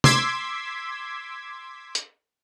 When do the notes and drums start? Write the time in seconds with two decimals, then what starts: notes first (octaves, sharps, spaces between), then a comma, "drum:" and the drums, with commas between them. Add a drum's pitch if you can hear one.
0.04 C6 D6 E6 G#6 B6, drum: tom C3
1.95 drum: hi-hat